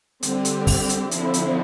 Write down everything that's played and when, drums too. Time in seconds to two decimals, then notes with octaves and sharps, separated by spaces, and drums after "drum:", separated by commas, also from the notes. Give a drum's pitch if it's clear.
0.23 D3 G3 C4 G4, drum: hi-hat
0.45 drum: hi-hat
0.67 drum: kick, open hi-hat
0.89 drum: hi-hat
1.11 D3 F3 C4 E4, drum: hi-hat
1.34 drum: hi-hat